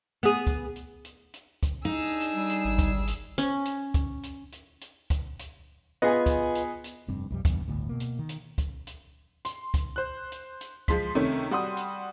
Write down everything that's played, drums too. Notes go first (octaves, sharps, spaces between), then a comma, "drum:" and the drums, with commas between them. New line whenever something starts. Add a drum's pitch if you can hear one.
B3 G#4
drum: kick, hi-hat
drum: hi-hat
drum: hi-hat
drum: hi-hat
drum: kick, hi-hat
D4 D#4 G#4 E6
drum: hi-hat
G3
drum: hi-hat
G#1
drum: kick, hi-hat
drum: hi-hat
C#4, drum: hi-hat
drum: hi-hat
drum: kick, hi-hat
drum: hi-hat
drum: hi-hat
drum: hi-hat
drum: kick, hi-hat
drum: hi-hat
B3 F4 G#4 B4 D#5 G#5
drum: kick, hi-hat
drum: hi-hat
drum: hi-hat
F1 G2 C4
B1 F2 G3
E1 E2 G2, drum: kick, hi-hat
G1 D2 A2
B2 A#3
drum: hi-hat
D#3
drum: hi-hat
drum: kick, hi-hat
drum: hi-hat
C6, drum: hi-hat
drum: kick, hi-hat
C5 F#6
drum: hi-hat
drum: hi-hat
F3 G#3 C6 B6, drum: kick, hi-hat
C3 D#3 A3 C#4
G3 F#4 C6 D#6
drum: hi-hat